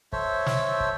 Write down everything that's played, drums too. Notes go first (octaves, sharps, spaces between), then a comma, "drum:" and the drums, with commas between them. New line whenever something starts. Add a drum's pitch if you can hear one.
A4 C5 C#5 E5, drum: kick
drum: snare
drum: kick